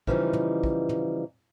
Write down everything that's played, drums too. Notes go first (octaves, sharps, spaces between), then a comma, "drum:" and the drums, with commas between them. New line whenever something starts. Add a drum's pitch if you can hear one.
C#3 E3 F3 G3 D#4, drum: kick
drum: tom
drum: kick
drum: tom